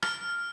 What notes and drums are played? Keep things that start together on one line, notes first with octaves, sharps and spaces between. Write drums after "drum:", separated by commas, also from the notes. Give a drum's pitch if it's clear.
F6, drum: rim click